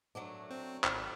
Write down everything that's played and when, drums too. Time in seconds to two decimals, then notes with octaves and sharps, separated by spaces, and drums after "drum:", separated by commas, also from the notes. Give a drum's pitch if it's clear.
0.15 F#3 A3 D4
0.51 C4
0.84 G#1, drum: clap